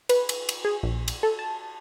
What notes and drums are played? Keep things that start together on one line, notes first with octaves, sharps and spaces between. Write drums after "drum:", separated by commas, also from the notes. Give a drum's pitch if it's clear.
B4, drum: cymbal
drum: cymbal
drum: cymbal
G#4
A#1
drum: cymbal
A4
A5